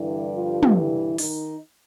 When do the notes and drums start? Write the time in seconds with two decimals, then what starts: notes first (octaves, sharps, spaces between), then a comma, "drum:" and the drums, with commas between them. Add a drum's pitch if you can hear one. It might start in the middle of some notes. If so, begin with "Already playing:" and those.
Already playing: G2 D3 E3 G3 E4
0.32 F3 F4
0.63 drum: tom
0.75 E3 E4
1.18 D#3 D#4, drum: open hi-hat